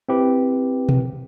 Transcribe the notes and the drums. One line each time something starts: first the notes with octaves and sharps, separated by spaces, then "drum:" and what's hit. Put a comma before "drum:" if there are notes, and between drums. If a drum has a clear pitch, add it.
C4 E4 G4 B4
drum: tom B2